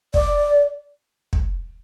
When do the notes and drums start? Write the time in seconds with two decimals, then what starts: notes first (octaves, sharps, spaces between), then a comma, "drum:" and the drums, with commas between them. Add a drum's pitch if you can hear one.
0.14 D5, drum: kick
1.33 drum: kick